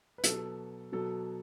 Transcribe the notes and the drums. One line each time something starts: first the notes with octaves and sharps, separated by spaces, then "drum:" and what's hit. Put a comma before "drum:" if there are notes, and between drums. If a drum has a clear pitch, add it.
B4
B2 F#3 A4, drum: hi-hat
B2 F#3 A4